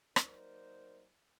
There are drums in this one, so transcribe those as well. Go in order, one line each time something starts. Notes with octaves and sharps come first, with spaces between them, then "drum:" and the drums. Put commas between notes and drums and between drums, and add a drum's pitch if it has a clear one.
F#3 A#3 D#4 A#4 C5 D5, drum: rim click